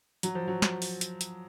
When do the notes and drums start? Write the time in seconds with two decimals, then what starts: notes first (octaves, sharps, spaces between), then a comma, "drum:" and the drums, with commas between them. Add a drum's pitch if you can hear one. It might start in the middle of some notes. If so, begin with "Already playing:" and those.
0.23 F#3, drum: hi-hat
0.35 F3
0.48 F#3
0.62 drum: snare
0.82 drum: open hi-hat
1.01 drum: hi-hat
1.21 drum: hi-hat